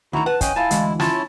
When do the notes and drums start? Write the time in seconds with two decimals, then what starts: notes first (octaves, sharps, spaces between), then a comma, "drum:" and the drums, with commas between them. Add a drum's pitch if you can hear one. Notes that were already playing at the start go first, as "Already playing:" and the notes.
0.13 D2 D#3 E4 F#4 A#5
0.26 B4 F#5 A5
0.41 C#4 D#5 G5 G#5, drum: kick, hi-hat
0.56 E4 F4 A5
0.71 D2 E3 G#3, drum: hi-hat
1.00 C#4 E4 F4 C#5 A5, drum: snare